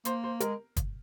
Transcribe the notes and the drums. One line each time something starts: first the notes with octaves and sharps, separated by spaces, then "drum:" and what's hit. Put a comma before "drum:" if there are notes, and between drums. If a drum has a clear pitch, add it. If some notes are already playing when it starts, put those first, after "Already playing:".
A#3 C5, drum: hi-hat
C5
G#3 A#4, drum: hi-hat
drum: kick, hi-hat